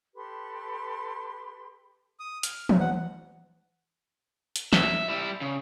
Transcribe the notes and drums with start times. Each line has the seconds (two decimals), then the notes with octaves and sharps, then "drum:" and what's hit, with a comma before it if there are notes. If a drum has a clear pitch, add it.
0.15 G4 A4 B4 C6
2.20 D#6
2.43 F6, drum: hi-hat
2.69 drum: tom E3
2.80 F#5
4.56 drum: hi-hat
4.73 E5, drum: snare
5.10 G3 E4
5.41 C#3